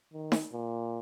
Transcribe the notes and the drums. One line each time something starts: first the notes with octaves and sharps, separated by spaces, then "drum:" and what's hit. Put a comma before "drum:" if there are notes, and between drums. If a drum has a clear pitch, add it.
D#3
drum: snare D#4
A#2